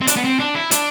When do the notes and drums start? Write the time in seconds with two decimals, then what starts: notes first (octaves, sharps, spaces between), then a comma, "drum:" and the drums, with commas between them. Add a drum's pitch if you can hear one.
0.01 C4
0.07 D4, drum: hi-hat
0.16 B3
0.24 C4
0.39 D4
0.55 E4
0.71 D4, drum: hi-hat